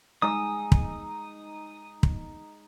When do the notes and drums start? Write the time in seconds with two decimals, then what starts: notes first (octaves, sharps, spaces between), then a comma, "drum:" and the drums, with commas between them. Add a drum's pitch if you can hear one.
0.22 G#3 D#4 D#6 E6
0.72 drum: kick
2.03 drum: kick